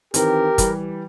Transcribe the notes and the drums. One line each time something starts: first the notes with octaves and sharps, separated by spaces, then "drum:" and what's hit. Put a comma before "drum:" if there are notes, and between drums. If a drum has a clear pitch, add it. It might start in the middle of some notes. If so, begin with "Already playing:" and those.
D#3 E3 C4 G4 A#4, drum: hi-hat
E3 G3, drum: kick, hi-hat